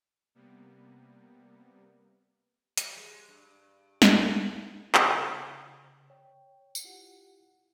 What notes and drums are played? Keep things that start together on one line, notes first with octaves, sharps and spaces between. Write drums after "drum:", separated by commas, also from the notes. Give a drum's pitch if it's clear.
C3 G3 A#3 B3
G3, drum: hi-hat
G#3
G2
drum: snare
drum: clap
C#3
C#5 G5
drum: tambourine
E4 F4 G4 F#5